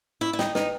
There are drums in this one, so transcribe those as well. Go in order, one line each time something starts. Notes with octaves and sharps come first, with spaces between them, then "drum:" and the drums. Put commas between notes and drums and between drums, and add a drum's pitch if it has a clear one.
E4 C#6
E4
D#4 G5, drum: snare
D#4 B4, drum: snare